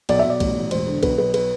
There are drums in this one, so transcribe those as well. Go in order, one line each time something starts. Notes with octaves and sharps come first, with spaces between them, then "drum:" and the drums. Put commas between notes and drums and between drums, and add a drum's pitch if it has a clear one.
B1 D5, drum: cymbal
B1 E5
D5
A1, drum: kick B1, cymbal
A1
E1 C5, drum: cymbal
D3
B1 B4, drum: kick B1, cymbal
B1 B4
B4, drum: cymbal